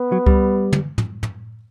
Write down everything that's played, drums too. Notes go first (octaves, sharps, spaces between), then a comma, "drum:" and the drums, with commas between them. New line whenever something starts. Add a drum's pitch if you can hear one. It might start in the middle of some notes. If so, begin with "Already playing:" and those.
Already playing: B3
F#3
G3, drum: kick C#2
drum: tom
drum: tom
drum: tom